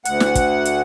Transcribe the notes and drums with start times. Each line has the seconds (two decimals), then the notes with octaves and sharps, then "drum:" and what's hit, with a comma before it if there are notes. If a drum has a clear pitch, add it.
0.05 D2 F#5, drum: hi-hat
0.20 drum: snare
0.35 drum: kick, hi-hat
0.65 drum: hi-hat